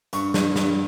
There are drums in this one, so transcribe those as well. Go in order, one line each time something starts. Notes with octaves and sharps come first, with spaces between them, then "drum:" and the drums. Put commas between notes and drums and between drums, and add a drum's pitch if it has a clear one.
G2 C#6, drum: hi-hat
G2, drum: snare
G2, drum: snare